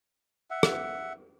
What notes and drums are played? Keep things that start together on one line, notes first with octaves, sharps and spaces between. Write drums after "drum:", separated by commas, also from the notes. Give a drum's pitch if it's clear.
E5 F#5
drum: rim click